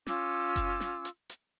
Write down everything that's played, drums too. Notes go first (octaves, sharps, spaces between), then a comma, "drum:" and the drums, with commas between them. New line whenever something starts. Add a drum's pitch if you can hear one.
C#4 F4 D6 E6, drum: snare
drum: kick F#1, hi-hat
drum: snare
drum: hi-hat
drum: hi-hat